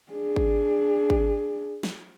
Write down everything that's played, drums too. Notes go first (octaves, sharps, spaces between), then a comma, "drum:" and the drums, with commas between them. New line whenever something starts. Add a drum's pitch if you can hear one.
D4 G#4
drum: kick G#1
drum: kick G#1
drum: snare